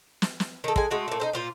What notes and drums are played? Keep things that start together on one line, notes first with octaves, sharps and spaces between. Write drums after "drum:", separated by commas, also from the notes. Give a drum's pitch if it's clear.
drum: snare
drum: snare
D#3 A4
G#3 G#5, drum: kick
G#3 A3 F#4
A#2 A3
D#4 A4 C5
A#2 F4 C5